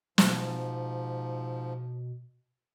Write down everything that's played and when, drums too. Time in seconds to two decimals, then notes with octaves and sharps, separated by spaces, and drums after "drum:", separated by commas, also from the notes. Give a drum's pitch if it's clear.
0.18 G#2 B2 F3, drum: snare